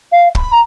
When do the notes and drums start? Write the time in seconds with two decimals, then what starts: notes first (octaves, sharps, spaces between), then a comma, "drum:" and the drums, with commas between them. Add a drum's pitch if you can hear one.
0.12 F5
0.35 B5, drum: kick
0.51 A#5